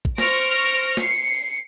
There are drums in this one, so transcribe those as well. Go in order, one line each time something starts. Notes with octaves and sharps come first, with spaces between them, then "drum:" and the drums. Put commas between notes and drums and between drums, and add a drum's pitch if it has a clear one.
drum: kick
C5 C#6 F6 A#6 D7, drum: snare
C7 C#7, drum: snare